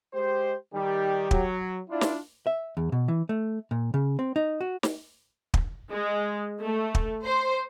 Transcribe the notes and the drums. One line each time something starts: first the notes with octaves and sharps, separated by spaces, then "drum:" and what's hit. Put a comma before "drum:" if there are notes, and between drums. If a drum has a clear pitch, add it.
G#3 G4 C5
D#3 G3 G4
F#3, drum: kick
D4 E4 F4
drum: snare
E5
E2
B2
E3
A3
A#2
C#3
C4
D#4
F#4
drum: snare
drum: kick
G#3
A3
drum: kick
C5